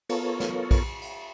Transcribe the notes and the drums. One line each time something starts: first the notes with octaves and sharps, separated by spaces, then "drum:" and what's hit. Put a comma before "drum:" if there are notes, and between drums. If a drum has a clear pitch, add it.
B3 F4 A4 A#4 C#5, drum: cymbal
drum: snare
drum: kick A#1, cymbal
drum: cymbal